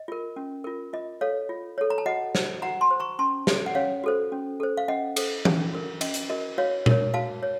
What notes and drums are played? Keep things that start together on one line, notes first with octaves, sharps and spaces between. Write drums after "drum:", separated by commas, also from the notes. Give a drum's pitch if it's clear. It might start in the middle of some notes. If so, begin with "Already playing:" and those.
Already playing: D#5
F4 A#4
C#4
F4 A#4
F4 D#5
A4 C#5 F5
F4
A4 C#5
A#5
A5
F#4 D#5 F#5
C5, drum: snare
F#4 F#5 A#5
A5 C6
C5
A#5 C#6
C#4 A5 C6
F#4 A4 C5, drum: snare
F#5
C#4 C#5 F5
F#4 A4 C5
C#4
A4 C5
F5
C#4 D#5 F#5
A4 C5, drum: cymbal
C#4, drum: tom E3
F#4 A#4
C#4 D#5, drum: cymbal
drum: hi-hat
F#4 A#4 D#5
F#4 C#5 F5
A#4 C#5, drum: tom A#2
F#4 F5 A5
C#5